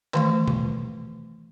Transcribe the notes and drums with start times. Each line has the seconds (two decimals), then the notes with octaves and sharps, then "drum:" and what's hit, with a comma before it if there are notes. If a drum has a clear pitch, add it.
0.14 D#3 E3 A3, drum: clap
0.48 drum: tom B2